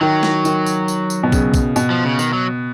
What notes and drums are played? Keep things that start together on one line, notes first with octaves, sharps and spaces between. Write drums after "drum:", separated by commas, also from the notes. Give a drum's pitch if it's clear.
D#3 F#3
drum: snare
D#3, drum: tambourine
drum: tambourine
drum: tambourine
drum: tambourine
B2
C#3, drum: kick, tambourine
drum: kick, tambourine
B2, drum: tambourine
F3
C#3
D#3, drum: tambourine
F#3